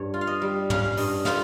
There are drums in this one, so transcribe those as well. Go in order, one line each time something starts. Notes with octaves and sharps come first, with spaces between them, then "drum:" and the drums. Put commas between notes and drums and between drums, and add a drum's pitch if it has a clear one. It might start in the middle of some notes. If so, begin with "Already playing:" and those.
Already playing: G2 C#5
F4
F5
D#5
G3
C#4 F5, drum: tom
G2 D#5, drum: open hi-hat
F4 F5, drum: snare